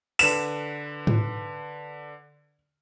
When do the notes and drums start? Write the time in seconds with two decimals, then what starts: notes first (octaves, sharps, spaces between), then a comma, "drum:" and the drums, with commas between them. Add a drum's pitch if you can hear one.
0.19 D3 B4 B6 E7, drum: open hi-hat
1.07 drum: tom G#2